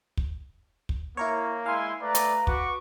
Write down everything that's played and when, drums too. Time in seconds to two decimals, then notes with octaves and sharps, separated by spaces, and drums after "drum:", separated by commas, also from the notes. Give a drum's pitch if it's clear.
0.17 drum: kick
0.89 drum: kick
1.17 A#3 E4 A#4 C#5
1.66 G#3 E4 F5 G#5 C6
2.02 A3 B4 D5 A#5
2.15 drum: hi-hat
2.47 F#4 B4 C#6 D6, drum: kick